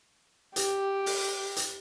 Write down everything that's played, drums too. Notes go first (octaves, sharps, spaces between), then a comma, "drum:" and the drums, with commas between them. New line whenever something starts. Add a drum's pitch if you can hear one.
G4, drum: hi-hat
drum: open hi-hat
drum: hi-hat